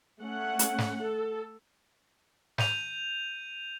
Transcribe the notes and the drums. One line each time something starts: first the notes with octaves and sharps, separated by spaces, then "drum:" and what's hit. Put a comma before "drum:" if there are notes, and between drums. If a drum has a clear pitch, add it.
A3 C#4 F#5
drum: hi-hat
drum: snare
A4
G6 D#7 F7, drum: snare